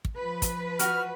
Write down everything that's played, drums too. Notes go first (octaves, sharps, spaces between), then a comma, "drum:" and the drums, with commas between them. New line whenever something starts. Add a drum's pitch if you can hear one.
drum: kick
F3 B4
drum: kick, hi-hat
F#4 F6, drum: hi-hat